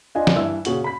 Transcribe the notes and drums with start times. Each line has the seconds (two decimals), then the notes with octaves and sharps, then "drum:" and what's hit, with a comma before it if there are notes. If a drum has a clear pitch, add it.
0.15 D4 F4 D#5 G#5
0.27 drum: snare E3
0.36 G2 E3 E5 E6
0.65 A#2 C#3 F#4 F#7, drum: hi-hat
0.84 B5 B6